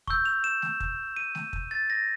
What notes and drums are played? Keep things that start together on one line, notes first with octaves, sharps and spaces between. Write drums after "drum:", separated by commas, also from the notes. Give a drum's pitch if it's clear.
C#6 E6 G6, drum: kick
F7
E7
drum: snare A3
drum: kick
D#7
drum: snare A3
drum: kick
A6
A#6